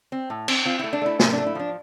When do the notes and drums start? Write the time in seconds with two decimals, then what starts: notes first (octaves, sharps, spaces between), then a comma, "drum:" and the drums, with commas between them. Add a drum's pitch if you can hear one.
0.12 C4
0.30 A2
0.48 C4, drum: cymbal
0.65 C4 F4
0.79 A3 E4
0.93 D4
1.02 A3 E4
1.19 C3 C4, drum: snare
1.33 D4
1.37 A3
1.46 E4
1.55 F3 D4